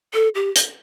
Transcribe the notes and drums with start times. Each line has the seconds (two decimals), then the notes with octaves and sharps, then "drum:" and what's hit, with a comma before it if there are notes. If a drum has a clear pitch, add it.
0.14 A4
0.35 G4
0.56 drum: hi-hat